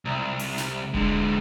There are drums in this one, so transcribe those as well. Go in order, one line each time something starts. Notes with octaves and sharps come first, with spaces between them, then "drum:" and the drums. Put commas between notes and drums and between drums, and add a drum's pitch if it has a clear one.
C2
drum: open hi-hat
drum: snare
D3 G#3, drum: kick D#1